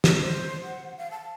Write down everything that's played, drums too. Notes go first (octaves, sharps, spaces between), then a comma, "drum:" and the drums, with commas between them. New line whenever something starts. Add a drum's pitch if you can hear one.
drum: snare
C5
F#5
F5
A5